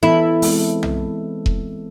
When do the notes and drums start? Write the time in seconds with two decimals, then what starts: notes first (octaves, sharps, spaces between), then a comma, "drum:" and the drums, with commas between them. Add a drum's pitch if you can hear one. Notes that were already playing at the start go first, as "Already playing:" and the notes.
0.03 E3 B3 E4 A4
0.42 G#3 C4, drum: open hi-hat
0.83 drum: tom B1
1.46 drum: kick E1